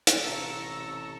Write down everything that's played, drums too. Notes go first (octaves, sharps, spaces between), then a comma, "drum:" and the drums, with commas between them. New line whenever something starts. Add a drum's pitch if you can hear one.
drum: hi-hat
A1 C3 A4 A#5 C#6 E6